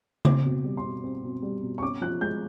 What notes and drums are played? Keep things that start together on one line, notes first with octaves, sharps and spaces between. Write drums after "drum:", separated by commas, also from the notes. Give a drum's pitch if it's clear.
C4 D6, drum: tom C#3
B2
G3
C6
B2
C4
B2
G3
B2
C#6
C#4 D6
F3 F#6
G#3 G6